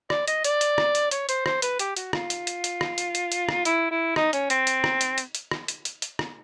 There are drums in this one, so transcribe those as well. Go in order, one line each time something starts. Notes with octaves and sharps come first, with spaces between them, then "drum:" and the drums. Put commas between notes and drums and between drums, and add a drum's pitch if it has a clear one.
D5, drum: rim click
D#5, drum: hi-hat
D5, drum: hi-hat
drum: hi-hat
drum: rim click
drum: hi-hat
C#5, drum: hi-hat
C5, drum: hi-hat
C5, drum: rim click
B4, drum: hi-hat
G4, drum: hi-hat
F#4, drum: hi-hat
F4, drum: rim click
drum: hi-hat
drum: hi-hat
drum: hi-hat
drum: rim click
drum: hi-hat
drum: hi-hat
drum: hi-hat
drum: rim click
E4, drum: hi-hat
E4
D#4, drum: rim click
C#4, drum: hi-hat
C4, drum: hi-hat
drum: hi-hat
drum: rim click
drum: hi-hat
drum: hi-hat
drum: hi-hat
drum: rim click
drum: hi-hat
drum: hi-hat
drum: hi-hat
drum: rim click